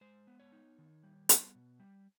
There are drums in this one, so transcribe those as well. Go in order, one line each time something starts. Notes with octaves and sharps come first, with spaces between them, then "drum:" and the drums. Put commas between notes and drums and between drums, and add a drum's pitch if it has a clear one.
G#3 C5
B3
C#5
D#4
D#3
G3
B3, drum: hi-hat
B2
G3